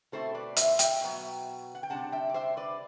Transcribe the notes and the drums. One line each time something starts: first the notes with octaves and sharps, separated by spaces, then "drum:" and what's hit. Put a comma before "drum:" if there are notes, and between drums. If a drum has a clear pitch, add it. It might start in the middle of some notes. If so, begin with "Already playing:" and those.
B2 A3 C4 E4 A4 C5
B4 D5
C5 E5, drum: hi-hat
E5 G5, drum: hi-hat
B2 F#3 B3
F#5
G5
C3 G3 D4 F#5 A5
E5 G5
D5
C5 E5
B4 D5